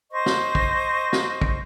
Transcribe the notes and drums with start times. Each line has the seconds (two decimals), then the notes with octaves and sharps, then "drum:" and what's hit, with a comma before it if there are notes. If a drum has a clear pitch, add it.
0.12 C5 D#5 C#6
0.26 drum: snare
0.55 drum: kick
1.13 drum: snare
1.41 drum: kick